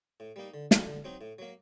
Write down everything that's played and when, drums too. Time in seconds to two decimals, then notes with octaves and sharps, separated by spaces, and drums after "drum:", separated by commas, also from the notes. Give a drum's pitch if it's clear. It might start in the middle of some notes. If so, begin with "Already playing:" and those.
0.20 A2
0.36 G3 A#3 D#4
0.54 D3
0.71 A3 D4 A4, drum: snare
0.87 D3
1.04 F#3 C4 D#4
1.21 A2
1.39 F#3 A#3